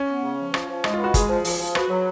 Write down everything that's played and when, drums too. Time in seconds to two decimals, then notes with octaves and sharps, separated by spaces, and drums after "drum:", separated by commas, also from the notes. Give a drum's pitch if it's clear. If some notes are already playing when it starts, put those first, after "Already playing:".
Already playing: C#4
0.08 B3
0.24 C#3
0.39 F3
0.54 F3, drum: rim click
0.69 F3
0.84 G#3 D#4, drum: rim click
0.94 B3 F4
1.04 F#4
1.14 G#3 G#4, drum: kick G1, hi-hat
1.29 F3
1.45 F3, drum: open hi-hat
1.60 F3
1.75 F#4 B4, drum: rim click
1.90 F#3